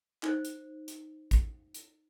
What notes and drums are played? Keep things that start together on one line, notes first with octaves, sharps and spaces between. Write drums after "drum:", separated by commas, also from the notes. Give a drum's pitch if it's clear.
D#4 C5, drum: clap
drum: hi-hat
drum: hi-hat
drum: kick, hi-hat
drum: hi-hat